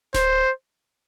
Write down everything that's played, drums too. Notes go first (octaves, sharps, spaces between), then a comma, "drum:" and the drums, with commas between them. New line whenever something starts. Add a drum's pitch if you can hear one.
C5, drum: snare D1